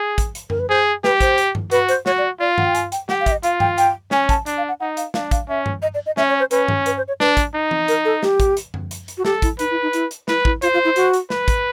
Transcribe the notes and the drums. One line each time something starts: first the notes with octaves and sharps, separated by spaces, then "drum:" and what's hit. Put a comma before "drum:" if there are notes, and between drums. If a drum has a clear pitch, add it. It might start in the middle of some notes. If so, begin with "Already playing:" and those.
Already playing: G#4
drum: kick, hi-hat
drum: hi-hat
A#4, drum: tom F#2
B4
G#4 C5
G4 B4, drum: snare
C5, drum: kick, hi-hat
drum: hi-hat
drum: tom G2
F#4 B4, drum: hi-hat
C5, drum: hi-hat
F#4 C#5, drum: snare
D5
F4 D5
F#5, drum: tom G2
G5
G#5, drum: hi-hat
G5, drum: hi-hat
G4 F#5, drum: snare
F5
E5, drum: kick, hi-hat
D#5
F4 F5, drum: hi-hat
G5, drum: tom G2
G5, drum: hi-hat
C#4 G#5, drum: snare
A5, drum: kick, hi-hat
D4, drum: hi-hat
F5
F#5
D#4 F#5
F5, drum: hi-hat
D4 F5, drum: snare
F5, drum: kick, hi-hat
C#4 E5
drum: tom G2
D#5
D5
D#5
C#4 E5, drum: snare
C#5
C5
C#4 B4, drum: hi-hat
drum: tom G2
B4, drum: hi-hat
C5
C#5
D4 B4, drum: snare
drum: kick, hi-hat
D#4
drum: tom E3
A#4, drum: hi-hat
A4
G4, drum: snare
drum: kick, hi-hat
drum: hi-hat
drum: tom F#2
drum: hi-hat
drum: hi-hat
F#4
G4 A4, drum: snare
E4, drum: kick, hi-hat
D#4 B4, drum: hi-hat
E4
D#4
E4, drum: hi-hat
drum: hi-hat
E4 B4, drum: snare
E4, drum: kick
F4 C5, drum: hi-hat
F4
E4
F#4, drum: hi-hat
drum: hi-hat
B4, drum: snare
drum: kick, hi-hat